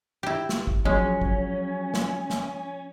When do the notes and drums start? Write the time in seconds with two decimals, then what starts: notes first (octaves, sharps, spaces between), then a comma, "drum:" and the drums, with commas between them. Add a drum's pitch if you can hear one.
0.23 E4 G4
0.49 drum: snare
0.67 drum: kick
0.85 F3 F#3 G#3 C#4, drum: kick
1.21 drum: kick
1.94 drum: snare
2.30 drum: snare